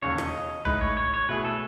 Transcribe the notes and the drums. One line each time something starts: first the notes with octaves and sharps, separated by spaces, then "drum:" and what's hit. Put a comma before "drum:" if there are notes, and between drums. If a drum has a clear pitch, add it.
E1 D#2 C#3 C#5
D#5, drum: rim click
A2 G#3 D#4 B4, drum: tom A#1
C#5
C#5
C#5
B2 A3 E4 G#4 B4
A4